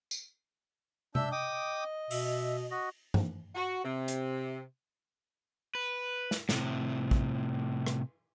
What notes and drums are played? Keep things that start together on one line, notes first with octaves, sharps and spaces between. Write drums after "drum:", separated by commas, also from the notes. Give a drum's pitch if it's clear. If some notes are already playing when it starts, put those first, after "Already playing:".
drum: tambourine
D4 E5 E6 G6, drum: tom C3
D#5 G5 D6 D#6
B2 E5, drum: open hi-hat
F#4 D#5
drum: tom G2
F#4
C3
drum: hi-hat
B4
drum: snare
A2 C3, drum: snare
drum: kick
drum: rim click